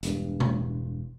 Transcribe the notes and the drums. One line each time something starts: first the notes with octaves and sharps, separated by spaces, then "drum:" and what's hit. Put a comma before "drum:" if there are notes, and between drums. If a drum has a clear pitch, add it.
E1 G2, drum: hi-hat
drum: tom B2